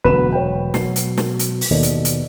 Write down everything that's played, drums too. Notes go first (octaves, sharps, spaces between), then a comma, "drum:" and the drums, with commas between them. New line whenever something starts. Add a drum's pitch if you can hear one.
E1 D2 F#3 B3 B4 E7
C#5 G5
B2 F#3 C7, drum: snare
drum: hi-hat
drum: snare
drum: hi-hat
drum: open hi-hat
D#2 B2 A4 D5 D#5
drum: hi-hat
drum: hi-hat